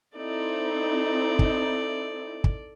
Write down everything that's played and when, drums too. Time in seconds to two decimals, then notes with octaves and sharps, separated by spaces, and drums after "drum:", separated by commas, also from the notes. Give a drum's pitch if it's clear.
0.17 C4 D#4 E4 A4 D5
1.39 drum: kick
2.44 drum: kick